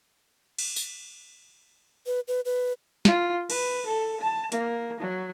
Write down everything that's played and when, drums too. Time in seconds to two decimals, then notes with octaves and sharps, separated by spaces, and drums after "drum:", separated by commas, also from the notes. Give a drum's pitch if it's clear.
0.59 drum: cymbal
0.76 drum: tambourine
2.06 B4
2.28 B4
2.45 B4
3.05 F4, drum: snare
3.50 B4, drum: cymbal
3.87 A4
4.20 A5
4.52 A#3, drum: hi-hat
5.00 F#3